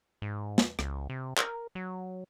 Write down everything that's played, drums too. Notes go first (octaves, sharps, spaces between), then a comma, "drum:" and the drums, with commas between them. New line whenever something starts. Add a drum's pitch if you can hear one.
G#2
drum: snare
C#2, drum: rim click
C3
A#4, drum: clap
F#3